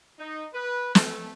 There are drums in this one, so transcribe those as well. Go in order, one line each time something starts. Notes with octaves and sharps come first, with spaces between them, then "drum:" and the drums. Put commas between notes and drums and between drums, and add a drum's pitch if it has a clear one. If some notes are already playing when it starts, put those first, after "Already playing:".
D#4
B4
A3, drum: snare